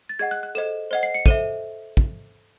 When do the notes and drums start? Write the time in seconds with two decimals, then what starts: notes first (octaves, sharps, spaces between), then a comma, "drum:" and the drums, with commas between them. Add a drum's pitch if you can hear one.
0.09 A6
0.19 G#4 D#5 F#5 G#6
0.31 F#6
0.43 F#6
0.55 A4 C5 D#5 E7
0.91 C5 D#5 F#5
1.03 C7
1.14 C#7
1.26 A4 C5 E5 D#7, drum: kick
1.97 drum: kick